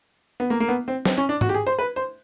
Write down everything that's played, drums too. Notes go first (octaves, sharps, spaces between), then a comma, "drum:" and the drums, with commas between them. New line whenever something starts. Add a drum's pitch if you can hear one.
B3
A#3
A#3
B3
C4
C4, drum: snare
C#4
D4
F#4, drum: tom
G4
G#4
C5
B4
C5